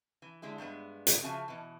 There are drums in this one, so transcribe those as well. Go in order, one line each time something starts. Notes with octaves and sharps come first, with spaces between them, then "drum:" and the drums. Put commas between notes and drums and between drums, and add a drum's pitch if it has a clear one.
E3
D3 G#3 E4 G4
G2 G3 G#3 B3
drum: hi-hat
C#3 F3 F#4 E5 G#5 A5
B2 E3